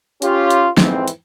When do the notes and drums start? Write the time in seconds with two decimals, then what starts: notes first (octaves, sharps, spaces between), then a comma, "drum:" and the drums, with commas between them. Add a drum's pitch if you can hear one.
0.22 C#4 F4 G4, drum: hi-hat
0.51 drum: hi-hat
0.77 F2 G#2 E3 C4, drum: snare
1.08 drum: hi-hat